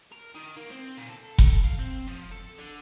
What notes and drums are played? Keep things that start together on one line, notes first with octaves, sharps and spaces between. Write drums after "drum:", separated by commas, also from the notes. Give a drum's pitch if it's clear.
A#4
D#3
A#3
C4
A#2
A4
drum: kick F1
F5
C4
F3
A4
D3